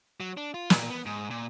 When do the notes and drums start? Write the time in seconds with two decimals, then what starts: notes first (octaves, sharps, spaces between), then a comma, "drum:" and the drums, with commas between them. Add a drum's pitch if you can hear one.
0.20 F#3
0.37 D4
0.54 F4
0.70 A#2, drum: snare
0.90 B3
1.06 G#2
1.31 A#2